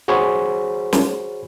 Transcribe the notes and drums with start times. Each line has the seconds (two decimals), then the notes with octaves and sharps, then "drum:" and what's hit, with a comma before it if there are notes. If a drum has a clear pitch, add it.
0.08 F#4 G#4 C5 C#5 B5
0.93 drum: snare